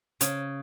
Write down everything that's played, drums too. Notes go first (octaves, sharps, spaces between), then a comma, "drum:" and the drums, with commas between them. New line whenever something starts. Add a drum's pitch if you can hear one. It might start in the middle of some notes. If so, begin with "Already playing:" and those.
C#3, drum: hi-hat